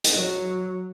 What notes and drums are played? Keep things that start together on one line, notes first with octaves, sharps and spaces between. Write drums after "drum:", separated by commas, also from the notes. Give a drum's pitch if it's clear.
drum: hi-hat
F#3